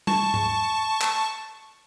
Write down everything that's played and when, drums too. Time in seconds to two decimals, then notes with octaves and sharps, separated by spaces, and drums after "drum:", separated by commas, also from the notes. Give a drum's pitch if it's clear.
0.07 A5 C#6, drum: tom
0.34 drum: tom G#2
1.02 drum: clap